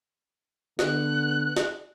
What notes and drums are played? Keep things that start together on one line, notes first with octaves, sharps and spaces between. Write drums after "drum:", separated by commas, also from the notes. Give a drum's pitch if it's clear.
D3 B3 F#6, drum: snare
drum: snare